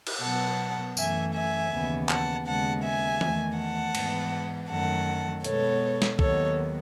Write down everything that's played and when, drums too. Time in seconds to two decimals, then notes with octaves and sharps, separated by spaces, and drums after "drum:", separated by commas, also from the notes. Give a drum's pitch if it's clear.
0.07 drum: cymbal
0.22 B2 F#3 B3 F#5 A5
0.97 F#2 E3 A3 E5 G#5, drum: tambourine
1.34 E5 G#5
1.71 D#2 C#3 E3 B3
2.09 F#5 A5, drum: clap
2.45 D#2 C#3 G#3 B3 F#5 A5
2.83 E5 G#5
3.21 E2 D#3 A3, drum: tom E3
3.57 F#5 A5
3.95 G#2 E3 B3, drum: cymbal
4.69 F#2 D#3 F#3 A3 F#5 A5
5.44 B2 G#3 B3 A4 C#5, drum: hi-hat
6.02 drum: snare
6.19 D#2 D#3 F#3 B3 A4 C#5, drum: kick B1